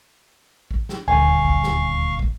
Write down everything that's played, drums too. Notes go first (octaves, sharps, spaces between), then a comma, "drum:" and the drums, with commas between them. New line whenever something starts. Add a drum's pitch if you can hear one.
drum: kick
drum: snare
D#1 D2 F5 G#5 C#6
drum: kick
drum: snare
drum: kick